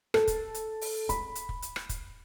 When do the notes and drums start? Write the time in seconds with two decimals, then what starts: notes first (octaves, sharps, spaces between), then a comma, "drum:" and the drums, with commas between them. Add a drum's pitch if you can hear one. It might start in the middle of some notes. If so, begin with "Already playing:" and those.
0.14 A4, drum: rim click
0.27 drum: kick, hi-hat
0.54 drum: hi-hat
0.81 drum: open hi-hat
1.09 B5, drum: kick, hi-hat
1.35 drum: hi-hat
1.49 drum: kick
1.62 drum: hi-hat
1.76 drum: rim click
1.89 drum: kick, hi-hat